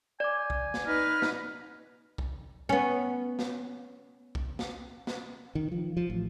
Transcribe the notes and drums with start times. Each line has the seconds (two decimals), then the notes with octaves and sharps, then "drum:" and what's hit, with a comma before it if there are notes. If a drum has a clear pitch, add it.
0.20 D5 G#5 D6
0.50 drum: kick
0.74 drum: snare
0.86 D#4 B4 F6
1.22 drum: snare
2.18 drum: kick
2.69 B3 C#4
3.39 drum: snare
4.35 drum: kick
4.59 drum: snare
5.07 drum: snare
5.55 D#3
5.72 F3
5.97 F3
6.10 A1